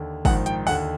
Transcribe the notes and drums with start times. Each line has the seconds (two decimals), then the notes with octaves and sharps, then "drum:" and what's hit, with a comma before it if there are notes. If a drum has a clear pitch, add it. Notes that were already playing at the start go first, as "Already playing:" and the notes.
Already playing: D#2 D3
0.25 A#1 G#2 D#3 F#5, drum: kick, open hi-hat
0.46 G5, drum: hi-hat
0.67 D#2 D3 F#5, drum: open hi-hat